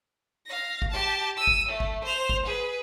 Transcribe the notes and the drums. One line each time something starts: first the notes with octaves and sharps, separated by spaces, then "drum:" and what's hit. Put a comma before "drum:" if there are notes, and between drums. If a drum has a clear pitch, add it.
F5 A#6
drum: kick
G4 A5
E6 D#7
drum: kick
A3
drum: kick
C5 F7
drum: kick
G#4 B4